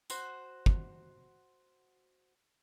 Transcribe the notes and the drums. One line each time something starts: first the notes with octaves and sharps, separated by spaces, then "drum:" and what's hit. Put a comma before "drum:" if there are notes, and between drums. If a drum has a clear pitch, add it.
F#4 C5, drum: tambourine
drum: kick